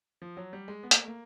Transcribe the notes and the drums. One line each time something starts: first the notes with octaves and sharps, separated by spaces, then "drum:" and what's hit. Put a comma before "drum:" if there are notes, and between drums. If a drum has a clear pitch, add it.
F3
F#3
G3
G#3
B3
A#3, drum: hi-hat
A3
A#3